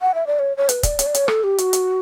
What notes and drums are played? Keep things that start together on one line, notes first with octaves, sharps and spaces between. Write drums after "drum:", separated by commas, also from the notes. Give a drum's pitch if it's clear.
F#5
E5
D5
C#5
C#5
B4, drum: hi-hat
D5, drum: kick, hi-hat
C#5, drum: hi-hat
D5
C#5, drum: hi-hat
A4, drum: rim click
G4
F#4, drum: hi-hat
drum: hi-hat